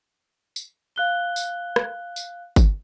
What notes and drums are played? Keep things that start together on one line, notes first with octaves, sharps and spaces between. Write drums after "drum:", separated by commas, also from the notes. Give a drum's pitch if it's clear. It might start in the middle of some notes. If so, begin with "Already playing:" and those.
drum: tambourine
F5 F#6 G7
drum: tambourine
drum: rim click
drum: tambourine
drum: kick G1, tambourine